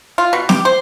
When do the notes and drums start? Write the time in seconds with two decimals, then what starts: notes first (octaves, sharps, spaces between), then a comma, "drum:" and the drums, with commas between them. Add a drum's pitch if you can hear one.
0.18 F4
0.33 B2
0.49 G4, drum: snare
0.65 C5